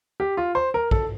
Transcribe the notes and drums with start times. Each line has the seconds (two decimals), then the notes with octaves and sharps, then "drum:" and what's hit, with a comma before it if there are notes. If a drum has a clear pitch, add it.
0.20 G4
0.37 F4
0.55 C5
0.74 A#4
0.91 A4, drum: kick